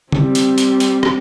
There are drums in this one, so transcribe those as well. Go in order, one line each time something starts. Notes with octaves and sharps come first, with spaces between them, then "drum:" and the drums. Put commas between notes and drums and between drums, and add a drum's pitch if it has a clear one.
G3 C4, drum: tom C#3
drum: hi-hat
drum: hi-hat
drum: hi-hat
drum: rim click